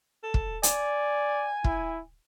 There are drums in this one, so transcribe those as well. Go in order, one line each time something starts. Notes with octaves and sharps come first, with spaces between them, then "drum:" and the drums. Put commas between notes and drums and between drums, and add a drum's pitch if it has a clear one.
A4
drum: kick
D5 G#5, drum: hi-hat
E4, drum: kick